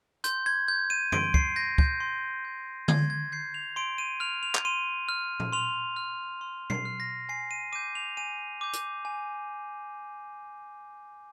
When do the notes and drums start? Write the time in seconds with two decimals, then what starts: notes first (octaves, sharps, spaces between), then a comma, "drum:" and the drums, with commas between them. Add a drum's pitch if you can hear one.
0.24 C6 G6, drum: hi-hat
0.46 G#6
0.68 G6
0.90 D#7
1.12 C6 D7, drum: tom
1.34 C7, drum: kick
1.56 G6 A#6
1.78 G6, drum: kick
2.00 C6
2.45 G6
2.88 C6 G#6, drum: tom D3
3.10 G#6
3.32 G6 C7
3.54 F7
3.76 C6 D7
3.98 D#7
4.20 F6 F7
4.43 F7
4.55 drum: clap
4.65 C6 D#7
5.09 F6
5.40 drum: tom A#2
5.53 C6 F7
5.96 F6
6.41 C6
6.70 C7, drum: tom B2
6.85 F6
7.00 A#6
7.29 G#5 C7
7.51 D#7
7.72 D6 G6 D#7
7.95 F7
8.17 G#5 D#7
8.61 D6 G6
8.73 drum: hi-hat
9.05 G#5